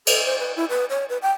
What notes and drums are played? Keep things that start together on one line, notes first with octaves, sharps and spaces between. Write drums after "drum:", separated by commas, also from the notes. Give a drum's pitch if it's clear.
A4, drum: cymbal
C5
B4
E4
B4
C#5
B4
G5